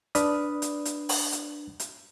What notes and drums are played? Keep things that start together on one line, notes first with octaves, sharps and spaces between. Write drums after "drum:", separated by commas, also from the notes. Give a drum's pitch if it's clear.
D4 B4 D5 B5 D#6 F6, drum: hi-hat
drum: hi-hat
drum: hi-hat
drum: open hi-hat
drum: hi-hat
drum: hi-hat